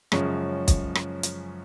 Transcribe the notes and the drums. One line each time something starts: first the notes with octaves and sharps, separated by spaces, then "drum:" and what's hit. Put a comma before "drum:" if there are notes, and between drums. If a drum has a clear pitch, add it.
F#2 C#3 F3 G#3 C#4, drum: rim click
drum: kick, hi-hat
drum: rim click
drum: hi-hat